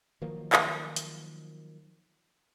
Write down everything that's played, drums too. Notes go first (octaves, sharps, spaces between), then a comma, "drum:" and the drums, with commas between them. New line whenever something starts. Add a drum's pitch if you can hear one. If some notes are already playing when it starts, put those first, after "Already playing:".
D#3 F3 F#3 A#3
drum: clap
drum: hi-hat